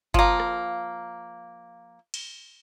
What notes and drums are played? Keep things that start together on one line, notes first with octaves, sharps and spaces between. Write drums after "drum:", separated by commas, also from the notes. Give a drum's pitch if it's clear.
F3 A#3, drum: kick G1
drum: rim click
drum: cymbal